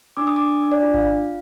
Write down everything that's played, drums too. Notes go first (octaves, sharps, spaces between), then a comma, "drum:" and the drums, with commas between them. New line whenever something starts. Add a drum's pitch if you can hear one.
D4 D6
D#6
D4 D6
D4
D5
F4
F5, drum: kick G#1
F4